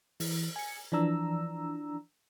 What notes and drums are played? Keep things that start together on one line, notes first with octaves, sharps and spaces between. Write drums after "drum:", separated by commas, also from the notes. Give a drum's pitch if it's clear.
E3, drum: open hi-hat
G#5 C#7
E3 F3 D4 A#5 E6